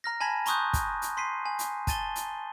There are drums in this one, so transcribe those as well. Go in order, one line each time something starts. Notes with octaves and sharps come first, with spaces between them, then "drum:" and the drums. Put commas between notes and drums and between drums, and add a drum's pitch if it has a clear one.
A#5 F6 A#6
G#5 A5 B5 G#6 B6 D#7
A#5 C6 C#6 D#6 F#6 G6, drum: hi-hat
drum: kick, hi-hat
drum: hi-hat
C6 B6 C7 D#7
G#5
drum: hi-hat
G#5 A5 A6 D#7 G7, drum: kick, hi-hat
drum: hi-hat